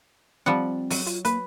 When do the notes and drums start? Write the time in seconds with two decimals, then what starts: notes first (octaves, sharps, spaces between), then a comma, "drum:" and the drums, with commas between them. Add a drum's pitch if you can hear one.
0.46 F3 G3 C4 F#5
0.90 F#3, drum: open hi-hat
1.06 F4, drum: hi-hat
1.25 A#3 B4, drum: hi-hat